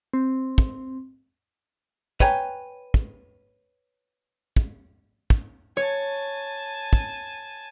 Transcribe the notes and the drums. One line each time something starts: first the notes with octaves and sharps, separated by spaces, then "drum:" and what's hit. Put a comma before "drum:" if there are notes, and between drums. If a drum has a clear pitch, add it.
C4
drum: kick
B4 C#5 G5 G#5 A#5, drum: kick
drum: kick
drum: kick
drum: kick
C#5 G#5 A5
drum: kick